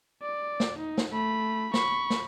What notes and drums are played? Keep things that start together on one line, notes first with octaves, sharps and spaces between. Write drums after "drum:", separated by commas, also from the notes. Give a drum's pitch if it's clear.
D5
drum: snare
D#4
drum: snare
A3 B5
B5 C#6, drum: snare
drum: snare